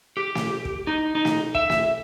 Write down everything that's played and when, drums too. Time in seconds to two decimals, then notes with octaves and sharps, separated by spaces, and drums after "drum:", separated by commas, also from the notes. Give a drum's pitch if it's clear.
0.17 G4
0.35 drum: snare
0.65 drum: kick
0.87 D#4
1.15 D#4
1.25 drum: snare
1.55 E5, drum: kick
1.70 drum: snare